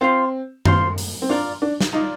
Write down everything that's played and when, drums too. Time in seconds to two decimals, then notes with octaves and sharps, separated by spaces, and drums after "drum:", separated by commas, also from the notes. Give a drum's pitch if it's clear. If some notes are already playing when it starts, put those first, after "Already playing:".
0.01 C4 F4 C5 F5 C6
0.65 F4 C5 F5 C6, drum: tom F#2
0.98 drum: open hi-hat
1.22 C4
1.29 D4 F4 A#4 D5
1.62 D4
1.80 drum: snare
1.93 D#4 F4 A#4 D5